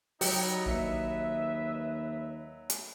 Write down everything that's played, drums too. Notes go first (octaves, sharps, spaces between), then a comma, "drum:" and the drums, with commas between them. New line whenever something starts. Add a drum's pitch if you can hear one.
F#3 G3 D#4 G4, drum: open hi-hat
A#1 D#2 B4 D#5 E5 C#7
drum: hi-hat